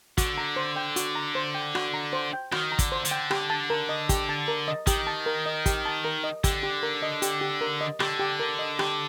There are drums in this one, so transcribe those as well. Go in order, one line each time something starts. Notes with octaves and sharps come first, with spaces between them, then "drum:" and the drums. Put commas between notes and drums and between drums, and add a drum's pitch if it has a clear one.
D3 F#4, drum: kick, hi-hat
A#5
C5
G5
F#4, drum: hi-hat
A#5
C5
G5
F#4, drum: rim click
A#5
C5
G5
D#3 F#4, drum: rim click
A#5
D3, drum: kick, hi-hat
C5
D3, drum: hi-hat
G5
G4, drum: rim click
A5
A#4
D#5
G4, drum: kick, hi-hat
A5
A#4
D#5
D#3 G4, drum: kick, hi-hat
A5
A#4
D#5
G4, drum: kick, hi-hat
A5
A#4
D#5
D3 G4, drum: kick, hi-hat
G4
A#4
D#5
G4, drum: hi-hat
G4
A#4
D#5
D3 G4, drum: rim click
G4
A#4
D#5
G4, drum: rim click